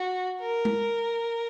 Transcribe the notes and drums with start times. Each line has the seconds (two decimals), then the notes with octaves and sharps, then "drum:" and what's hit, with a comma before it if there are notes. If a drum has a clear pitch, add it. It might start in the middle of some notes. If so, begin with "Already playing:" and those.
Already playing: F#4
0.41 A#4
0.65 drum: tom G#3